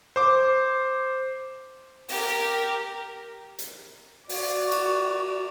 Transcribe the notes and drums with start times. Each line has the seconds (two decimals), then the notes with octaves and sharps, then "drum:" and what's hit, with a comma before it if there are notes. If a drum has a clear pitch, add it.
0.16 C5 D6
2.09 G4 A#4, drum: open hi-hat
3.59 drum: hi-hat
4.29 F#4 D5, drum: open hi-hat
4.72 drum: cymbal